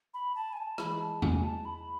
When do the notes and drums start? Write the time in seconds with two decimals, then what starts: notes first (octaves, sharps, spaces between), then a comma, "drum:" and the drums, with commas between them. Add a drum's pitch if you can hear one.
0.14 B5
0.35 A5
0.53 G#5
0.57 A5
0.78 E3 G#3 B5, drum: rim click
1.00 A5
1.22 G#5, drum: tom E2
1.44 A5
1.65 B5